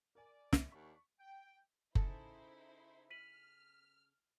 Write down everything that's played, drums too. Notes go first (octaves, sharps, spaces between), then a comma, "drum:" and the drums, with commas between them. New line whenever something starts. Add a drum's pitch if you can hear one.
A#4 D5 G#5
drum: snare
D#2 D4 C#6 B6
G5
C#3 D#4 E4 A4 C5, drum: kick F#1
F6 B6 D#7 F#7